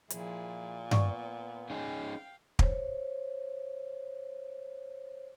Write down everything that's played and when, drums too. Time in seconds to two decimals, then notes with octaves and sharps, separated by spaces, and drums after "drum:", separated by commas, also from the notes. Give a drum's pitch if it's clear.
0.10 A#2 F3 E4 G#4, drum: hi-hat
0.91 B3 D5 C#6, drum: tom G2
1.70 C#4 D#4 G#4 F5 G5
2.59 C5 C#5, drum: kick